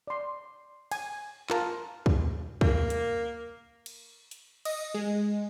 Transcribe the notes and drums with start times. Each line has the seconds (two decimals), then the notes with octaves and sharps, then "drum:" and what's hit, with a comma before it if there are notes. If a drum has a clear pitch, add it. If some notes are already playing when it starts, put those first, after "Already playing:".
0.07 D5 C6
0.92 G#5, drum: cymbal
1.50 F4 A#4 A5, drum: clap
2.06 drum: kick
2.61 A#3, drum: kick
2.90 drum: hi-hat
3.86 drum: cymbal
4.31 drum: hi-hat
4.65 D#5, drum: cymbal
4.94 G#3